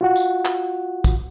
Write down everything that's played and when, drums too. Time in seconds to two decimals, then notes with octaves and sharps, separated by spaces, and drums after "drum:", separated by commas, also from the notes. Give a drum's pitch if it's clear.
0.01 F4 F#4 F#5
0.16 drum: tambourine
0.45 drum: clap
1.04 drum: kick, tambourine